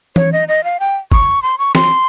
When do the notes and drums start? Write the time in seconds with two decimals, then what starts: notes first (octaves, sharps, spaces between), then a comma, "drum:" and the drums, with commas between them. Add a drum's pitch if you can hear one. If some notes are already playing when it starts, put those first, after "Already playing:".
0.16 C#5, drum: tom E3
0.32 D#5
0.48 D#5
0.64 F5
0.80 G5
1.12 C#6, drum: kick
1.43 C6
1.59 C#6
1.75 C6, drum: snare